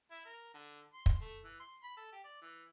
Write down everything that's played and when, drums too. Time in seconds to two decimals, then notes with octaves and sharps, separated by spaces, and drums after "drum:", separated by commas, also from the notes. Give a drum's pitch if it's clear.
0.11 E4
0.26 A#4
0.54 D3
0.94 C6
1.06 drum: kick
1.21 A3
1.44 E3
1.60 C6
1.83 B5
1.97 A4
2.13 G4
2.24 D5
2.42 E3